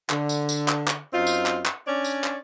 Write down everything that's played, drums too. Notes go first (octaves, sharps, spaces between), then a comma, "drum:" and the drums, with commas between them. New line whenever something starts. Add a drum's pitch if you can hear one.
D3, drum: clap
drum: tambourine
drum: tambourine
drum: clap
drum: clap
F#2 C4 D#4 F4
drum: tambourine
drum: clap
drum: clap
C#4 D4 C#5 D5
drum: tambourine
drum: clap